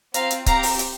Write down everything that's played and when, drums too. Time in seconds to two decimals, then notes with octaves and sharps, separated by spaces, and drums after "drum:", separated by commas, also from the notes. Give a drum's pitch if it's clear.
0.14 C4 F4 F5 A#5, drum: hi-hat
0.31 drum: hi-hat
0.46 C4 G4 F5 A#5, drum: kick C#1, hi-hat
0.63 drum: open hi-hat
0.79 drum: hi-hat